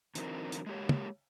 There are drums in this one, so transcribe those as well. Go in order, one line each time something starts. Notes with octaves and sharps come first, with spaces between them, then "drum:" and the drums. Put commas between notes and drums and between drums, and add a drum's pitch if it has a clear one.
D3 E3 F#3 C4 D#4 A#4, drum: hi-hat
drum: hi-hat
G#3 A#3 G4 C#5
drum: tom